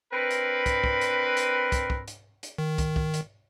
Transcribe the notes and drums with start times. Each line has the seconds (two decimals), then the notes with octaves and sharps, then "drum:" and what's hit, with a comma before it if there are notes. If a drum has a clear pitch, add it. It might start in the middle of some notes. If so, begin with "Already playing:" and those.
0.13 C4 D4 A#4 B4
0.31 drum: hi-hat
0.66 drum: kick, hi-hat
0.84 drum: kick
1.01 drum: hi-hat
1.37 drum: hi-hat
1.72 drum: kick, hi-hat
1.90 drum: kick
2.08 drum: hi-hat
2.43 drum: hi-hat
2.58 D#3
2.78 drum: kick, hi-hat
2.96 drum: kick
3.14 drum: hi-hat